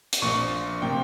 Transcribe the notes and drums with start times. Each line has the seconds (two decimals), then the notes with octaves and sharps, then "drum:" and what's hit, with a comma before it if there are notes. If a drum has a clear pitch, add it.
0.13 drum: hi-hat
0.22 A#1 A#2 F3 A#3 C#6
0.82 C3 F3 A#3 G5